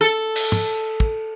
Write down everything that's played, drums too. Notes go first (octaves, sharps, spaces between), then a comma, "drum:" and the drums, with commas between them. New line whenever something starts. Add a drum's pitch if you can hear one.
A4
drum: cymbal
drum: tom
drum: kick